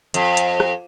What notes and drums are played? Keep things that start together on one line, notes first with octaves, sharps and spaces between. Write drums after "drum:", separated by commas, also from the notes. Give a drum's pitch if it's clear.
F2, drum: hi-hat
drum: hi-hat
drum: rim click